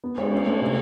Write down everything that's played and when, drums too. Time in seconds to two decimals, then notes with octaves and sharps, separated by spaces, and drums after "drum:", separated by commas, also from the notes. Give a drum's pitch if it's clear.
0.04 B3
0.18 G#3, drum: cymbal
0.32 C#4
0.46 A3
0.62 C3